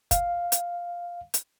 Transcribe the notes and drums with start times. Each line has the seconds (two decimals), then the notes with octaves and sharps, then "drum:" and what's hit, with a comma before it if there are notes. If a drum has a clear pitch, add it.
0.11 F5, drum: kick, hi-hat
0.52 drum: hi-hat
1.34 drum: hi-hat